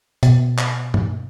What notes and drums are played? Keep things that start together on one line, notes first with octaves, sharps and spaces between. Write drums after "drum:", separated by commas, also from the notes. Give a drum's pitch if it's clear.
B2, drum: hi-hat
drum: clap
drum: tom